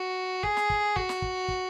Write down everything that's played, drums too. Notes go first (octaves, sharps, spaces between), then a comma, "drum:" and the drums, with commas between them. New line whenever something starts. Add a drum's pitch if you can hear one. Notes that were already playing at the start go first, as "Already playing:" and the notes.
Already playing: F#4
G#4, drum: kick
drum: snare
drum: kick
F#4, drum: kick
drum: snare
drum: kick
drum: kick